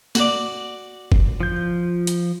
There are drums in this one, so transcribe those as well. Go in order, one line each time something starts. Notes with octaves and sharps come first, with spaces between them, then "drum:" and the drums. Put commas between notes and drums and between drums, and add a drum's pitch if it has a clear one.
F#4 D5, drum: snare
drum: kick F#1
F3 G6
drum: hi-hat